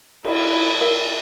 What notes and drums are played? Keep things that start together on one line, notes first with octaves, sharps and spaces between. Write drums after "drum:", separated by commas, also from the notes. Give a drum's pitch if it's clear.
E4, drum: cymbal
A#4 F5